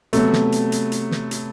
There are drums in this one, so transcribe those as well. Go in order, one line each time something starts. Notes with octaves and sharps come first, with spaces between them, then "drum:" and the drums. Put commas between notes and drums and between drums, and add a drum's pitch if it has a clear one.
C3 F#3 A3 B3, drum: hi-hat
drum: snare
drum: hi-hat
drum: hi-hat
drum: hi-hat
drum: snare
drum: hi-hat